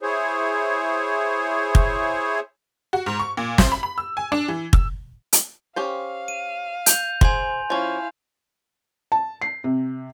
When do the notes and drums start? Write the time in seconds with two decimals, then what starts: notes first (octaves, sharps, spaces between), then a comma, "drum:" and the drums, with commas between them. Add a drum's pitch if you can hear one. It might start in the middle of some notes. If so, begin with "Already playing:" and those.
0.03 E4 G#4 C5 C#5
1.75 drum: kick
2.93 F#4
3.06 G#2
3.19 C#6
3.37 A#2
3.58 C5, drum: snare
3.72 B5
3.83 B5
3.98 E6
4.17 G#5
4.32 D4
4.48 E3
4.73 E6, drum: kick
5.33 drum: hi-hat
5.76 C#4 G4 C5 F5
6.28 D#7
6.86 G6 F7, drum: hi-hat
7.21 G#4 C5 G#5 C6, drum: kick
7.70 F3 C#4 E4 F5
9.12 A5
9.42 C7
9.64 C3